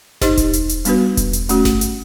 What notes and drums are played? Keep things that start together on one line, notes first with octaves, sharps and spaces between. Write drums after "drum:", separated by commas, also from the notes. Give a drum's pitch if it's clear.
D#4 G4 C5 D#5, drum: snare G1
drum: kick E1, hi-hat
drum: hi-hat
drum: hi-hat
G3 B3 D4 F#4 B4, drum: hi-hat
drum: kick E1, hi-hat
drum: hi-hat
A3 C#4 F#4, drum: hi-hat
drum: snare G1
drum: hi-hat